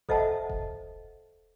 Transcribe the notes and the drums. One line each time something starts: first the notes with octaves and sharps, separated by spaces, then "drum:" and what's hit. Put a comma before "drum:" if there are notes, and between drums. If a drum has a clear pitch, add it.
A4 C5 D#5 E5 F#5 A5, drum: kick E1
drum: kick E1